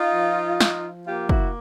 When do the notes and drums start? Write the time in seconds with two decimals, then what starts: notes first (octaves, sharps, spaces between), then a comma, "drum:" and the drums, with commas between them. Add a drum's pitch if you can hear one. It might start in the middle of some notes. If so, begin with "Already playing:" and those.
Already playing: D#4 F4
0.14 F3
0.60 F3, drum: snare
1.06 A#3 F4 G4
1.29 E4 F#4, drum: kick